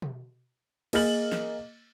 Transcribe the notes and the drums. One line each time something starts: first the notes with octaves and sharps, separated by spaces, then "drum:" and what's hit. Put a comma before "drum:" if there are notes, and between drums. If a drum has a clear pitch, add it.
drum: tom B2
A#3 G#4 D#5 F6 A6 F#7, drum: cymbal
drum: snare